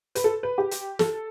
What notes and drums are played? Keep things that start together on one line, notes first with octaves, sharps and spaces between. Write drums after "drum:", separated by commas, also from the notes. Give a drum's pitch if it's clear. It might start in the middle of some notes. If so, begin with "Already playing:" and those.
B4, drum: hi-hat
A4
B4
G4
drum: hi-hat
A4, drum: snare